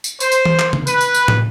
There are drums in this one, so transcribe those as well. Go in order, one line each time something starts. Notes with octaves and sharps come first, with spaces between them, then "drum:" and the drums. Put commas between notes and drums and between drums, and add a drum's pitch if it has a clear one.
drum: tambourine
C5, drum: tambourine
drum: tambourine
drum: tom E3
drum: clap
drum: tom C#3
B4, drum: tambourine
drum: tambourine
drum: tambourine
drum: tom